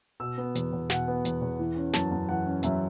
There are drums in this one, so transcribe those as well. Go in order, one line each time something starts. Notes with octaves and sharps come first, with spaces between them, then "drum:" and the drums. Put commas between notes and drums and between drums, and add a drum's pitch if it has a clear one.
B2 E6
B3
E2, drum: hi-hat
E2
B2 F#5, drum: snare
B3
E2, drum: hi-hat
E2
E3
C#4
F#2 A5, drum: snare
F#2
E3 F#5
C#4
F#2 E5, drum: hi-hat